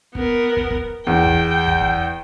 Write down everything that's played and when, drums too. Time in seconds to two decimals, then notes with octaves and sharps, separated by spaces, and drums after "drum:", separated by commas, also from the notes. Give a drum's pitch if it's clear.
0.15 B3 A#4, drum: kick
0.57 drum: kick
0.70 drum: kick
1.07 E2 G5
1.26 drum: kick
1.68 drum: kick
1.81 drum: kick